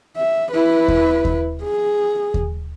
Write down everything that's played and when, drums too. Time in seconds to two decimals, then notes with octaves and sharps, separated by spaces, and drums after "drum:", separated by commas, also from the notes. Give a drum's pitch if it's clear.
0.17 E5
0.52 E4 B4
0.88 drum: kick D#2
1.25 drum: kick D#2
1.63 G#4
2.34 drum: kick D#2